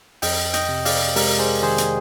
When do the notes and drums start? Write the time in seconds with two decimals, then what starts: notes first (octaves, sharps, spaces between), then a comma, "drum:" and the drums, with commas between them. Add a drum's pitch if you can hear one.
0.22 F2 D#5 G5, drum: open hi-hat
0.54 D#5 G5, drum: hi-hat
0.69 C3
0.85 D5 F5, drum: open hi-hat
1.16 G#3 G4 A#4, drum: open hi-hat
1.39 G#4 C5
1.62 D#3 G#4 C5
1.78 drum: hi-hat